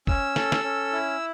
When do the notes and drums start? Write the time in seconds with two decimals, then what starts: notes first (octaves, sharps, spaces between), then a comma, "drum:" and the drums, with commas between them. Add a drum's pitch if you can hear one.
0.07 C#4 E6, drum: kick F#1
0.36 A4, drum: snare
0.52 drum: snare
0.64 C#4
0.93 E4